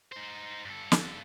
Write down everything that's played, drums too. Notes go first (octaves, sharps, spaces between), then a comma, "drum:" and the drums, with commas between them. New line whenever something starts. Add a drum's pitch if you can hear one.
D#4 C5
G2 A4
drum: snare